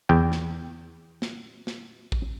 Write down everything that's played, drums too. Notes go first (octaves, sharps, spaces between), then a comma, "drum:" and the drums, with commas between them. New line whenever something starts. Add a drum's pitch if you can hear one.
E2 G5
drum: snare
drum: snare
drum: snare
drum: kick A1